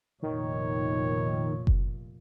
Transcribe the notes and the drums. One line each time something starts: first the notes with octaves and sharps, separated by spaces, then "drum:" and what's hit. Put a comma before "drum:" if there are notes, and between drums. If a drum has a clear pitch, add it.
F1 A#2 D#3 C#5
drum: kick F#1